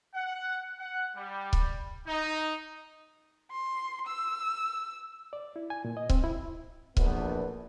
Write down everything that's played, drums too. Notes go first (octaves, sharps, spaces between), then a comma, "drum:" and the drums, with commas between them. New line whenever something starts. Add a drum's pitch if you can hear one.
F#5
F#5
G3
drum: kick C#1
D#4
C6
E6
D5
E4
G#5
A#2
D#5
C4, drum: kick C#1
E4
A#1 E2 A3 B3, drum: kick C#1